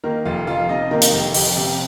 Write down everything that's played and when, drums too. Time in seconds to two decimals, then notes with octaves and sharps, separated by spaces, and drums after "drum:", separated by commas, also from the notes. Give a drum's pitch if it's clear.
0.04 D#3 A#3 A#4
0.25 F1 F4 F5
0.47 F2 F4 F5
0.69 C3 D#4 D#5
0.91 D#3 A#3 A#4
1.02 drum: hi-hat
1.13 F1 G4
1.34 F2 G4, drum: open hi-hat
1.57 C3 G4